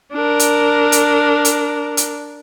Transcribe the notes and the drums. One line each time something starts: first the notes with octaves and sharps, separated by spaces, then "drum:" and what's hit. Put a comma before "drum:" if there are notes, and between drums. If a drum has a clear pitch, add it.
D4 A#4
drum: hi-hat
drum: hi-hat
drum: hi-hat
drum: hi-hat